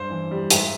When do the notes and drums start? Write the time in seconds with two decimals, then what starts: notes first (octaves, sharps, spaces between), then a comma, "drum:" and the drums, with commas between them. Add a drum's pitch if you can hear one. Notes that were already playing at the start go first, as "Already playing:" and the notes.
Already playing: G2 C5
0.10 E3
0.31 G3
0.50 G#2 E5, drum: hi-hat